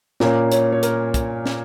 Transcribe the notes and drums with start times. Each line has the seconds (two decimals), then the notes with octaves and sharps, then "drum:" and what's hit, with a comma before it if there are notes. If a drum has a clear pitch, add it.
0.20 A#2 A#3 C#4 A#4, drum: snare
0.52 C#5, drum: hi-hat
0.72 C#5
0.83 A#4, drum: hi-hat
1.14 drum: kick, hi-hat
1.46 drum: snare